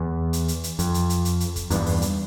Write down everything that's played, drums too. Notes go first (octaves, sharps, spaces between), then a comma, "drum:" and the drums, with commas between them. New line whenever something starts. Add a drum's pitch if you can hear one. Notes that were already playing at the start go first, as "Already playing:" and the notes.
Already playing: E2
drum: hi-hat
drum: hi-hat
drum: hi-hat
F2, drum: hi-hat
drum: hi-hat
drum: hi-hat
drum: hi-hat
drum: hi-hat
drum: kick, hi-hat
E2 G2, drum: hi-hat
drum: open hi-hat
drum: hi-hat